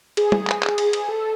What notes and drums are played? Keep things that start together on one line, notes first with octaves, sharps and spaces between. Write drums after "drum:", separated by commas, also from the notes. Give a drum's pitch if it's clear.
G#4, drum: cymbal
drum: tom
drum: clap
drum: clap
drum: cymbal
drum: cymbal
A4